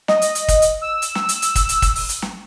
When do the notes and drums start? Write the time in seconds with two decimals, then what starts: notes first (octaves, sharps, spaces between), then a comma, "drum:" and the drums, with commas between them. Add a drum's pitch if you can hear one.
0.08 D#5, drum: snare
0.22 drum: hi-hat
0.35 drum: hi-hat
0.48 drum: kick, hi-hat
0.62 drum: hi-hat
0.82 E6
1.02 drum: hi-hat
1.15 drum: snare
1.29 drum: hi-hat
1.42 drum: hi-hat
1.55 drum: kick, hi-hat
1.69 drum: hi-hat
1.82 drum: kick, hi-hat
1.96 drum: open hi-hat
2.09 drum: hi-hat
2.22 drum: snare